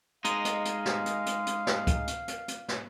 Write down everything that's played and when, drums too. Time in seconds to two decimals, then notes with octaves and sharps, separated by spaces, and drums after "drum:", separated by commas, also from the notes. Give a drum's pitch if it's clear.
0.25 G#3 D#4 F5, drum: hi-hat
0.45 drum: hi-hat
0.65 drum: hi-hat
0.86 drum: snare
1.06 drum: hi-hat
1.26 drum: hi-hat
1.46 drum: hi-hat
1.67 drum: snare
1.87 drum: kick C#2, hi-hat
2.07 drum: hi-hat
2.28 drum: hi-hat
2.48 drum: hi-hat
2.68 drum: snare